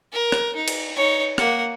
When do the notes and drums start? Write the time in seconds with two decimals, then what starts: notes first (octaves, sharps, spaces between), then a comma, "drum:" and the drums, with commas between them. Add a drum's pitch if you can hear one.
0.13 A#4
0.32 drum: rim click
0.56 D#4
0.68 drum: cymbal
0.96 D#4 C#5
1.38 A#3 F#5, drum: rim click